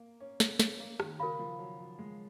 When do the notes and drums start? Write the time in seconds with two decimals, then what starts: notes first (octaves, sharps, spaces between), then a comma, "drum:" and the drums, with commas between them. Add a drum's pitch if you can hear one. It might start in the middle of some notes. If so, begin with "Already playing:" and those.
Already playing: A#3
0.20 C#4
0.40 C#4, drum: snare
0.60 C#4, drum: snare
0.80 A#3
1.00 D#3, drum: rim click
1.19 C#3 F#4 A#4 F5 B5
1.39 F3
1.59 F#3
1.79 F#3
1.99 G#3